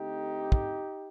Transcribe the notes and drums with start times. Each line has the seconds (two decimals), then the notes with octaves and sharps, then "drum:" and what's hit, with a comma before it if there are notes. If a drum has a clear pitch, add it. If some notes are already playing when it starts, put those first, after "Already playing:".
Already playing: D3 A3 C4 D#4 G4
0.52 drum: kick